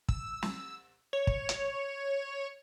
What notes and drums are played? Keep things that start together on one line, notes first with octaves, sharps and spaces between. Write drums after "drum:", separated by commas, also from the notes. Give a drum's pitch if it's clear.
E6, drum: kick
drum: snare
C#5
drum: kick
drum: hi-hat